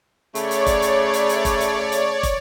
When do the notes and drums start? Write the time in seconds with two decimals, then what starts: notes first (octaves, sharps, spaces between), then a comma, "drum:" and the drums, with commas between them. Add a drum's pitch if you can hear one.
0.35 C#3 A3 C#5 D5, drum: hi-hat
0.51 drum: hi-hat
0.67 drum: kick, hi-hat
0.82 drum: hi-hat
1.14 drum: hi-hat
1.29 drum: hi-hat
1.45 drum: kick, hi-hat
1.61 drum: hi-hat
1.92 drum: hi-hat
2.23 drum: kick, hi-hat